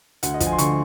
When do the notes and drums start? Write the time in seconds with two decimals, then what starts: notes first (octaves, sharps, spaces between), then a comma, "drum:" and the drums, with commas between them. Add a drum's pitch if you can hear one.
0.23 D2 F#5, drum: hi-hat
0.34 D#5
0.40 F3, drum: kick, hi-hat
0.46 G#5
0.52 C6
0.58 D3 C#6, drum: hi-hat